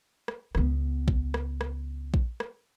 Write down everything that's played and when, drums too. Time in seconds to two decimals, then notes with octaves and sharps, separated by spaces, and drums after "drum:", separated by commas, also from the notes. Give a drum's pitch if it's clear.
0.28 drum: rim click
0.55 C#2 B3, drum: rim click
1.08 drum: kick A#1
1.34 drum: rim click
1.61 drum: rim click
2.14 drum: kick A#1
2.40 drum: rim click